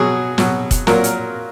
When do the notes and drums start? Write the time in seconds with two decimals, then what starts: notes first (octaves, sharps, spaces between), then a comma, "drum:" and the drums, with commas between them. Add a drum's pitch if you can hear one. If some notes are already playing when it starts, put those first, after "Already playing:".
Already playing: B2 F#3 G#4
0.38 B2 F#3, drum: snare
0.71 drum: kick, hi-hat
0.87 A#2 F#3 A#4, drum: snare
1.04 drum: hi-hat